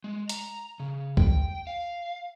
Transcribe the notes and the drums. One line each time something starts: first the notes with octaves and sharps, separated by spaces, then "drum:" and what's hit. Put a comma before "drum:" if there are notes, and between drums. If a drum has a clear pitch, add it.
G#3
A#5, drum: hi-hat
C#3
G5, drum: kick C#2
F5